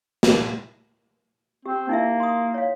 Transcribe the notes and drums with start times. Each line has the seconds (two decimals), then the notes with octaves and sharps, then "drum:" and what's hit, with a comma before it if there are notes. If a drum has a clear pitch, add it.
0.23 drum: snare
1.66 C4 G4
1.89 A#3 D#4 E4 E5
2.20 C6 D#6
2.54 C#5 F5